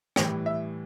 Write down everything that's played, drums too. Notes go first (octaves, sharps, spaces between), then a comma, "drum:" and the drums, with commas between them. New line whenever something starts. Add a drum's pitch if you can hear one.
A2 E3 G3 G5, drum: rim click
E5